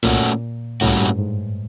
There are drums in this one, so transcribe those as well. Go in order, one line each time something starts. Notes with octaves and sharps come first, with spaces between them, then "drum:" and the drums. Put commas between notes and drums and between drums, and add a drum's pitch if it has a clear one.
A#2 A3 C#4 F#4, drum: tom C2
A2 G3 A#3 C#4 F#4, drum: tom C2
G2
G#2